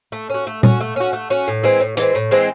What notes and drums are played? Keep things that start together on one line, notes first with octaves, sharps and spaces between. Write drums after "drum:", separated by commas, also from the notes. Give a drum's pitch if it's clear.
A3
C#4 F#4
A3
C#4 F#4, drum: tom A#2
A3
C#4 F#4
A3
C#4 F#4
A2
E3 G#3 C4
A2
E3 G#3 C4, drum: hi-hat
A2
E3 G#3 C4